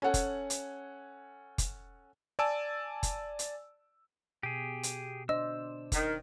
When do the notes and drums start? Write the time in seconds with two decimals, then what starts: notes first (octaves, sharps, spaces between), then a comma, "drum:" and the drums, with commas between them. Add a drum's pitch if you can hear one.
0.02 C#4 A4 F#5 G#5
0.14 drum: kick F#1, hi-hat
0.50 drum: hi-hat
1.58 drum: kick F#1, hi-hat
2.39 D5 G#5 A5 E6 D7
3.03 drum: kick F#1, hi-hat
3.39 drum: hi-hat
4.43 B2 G4 G#4
4.83 drum: hi-hat
5.29 D4 C5 D5 D#5 E6
5.92 D#3, drum: kick F#1, hi-hat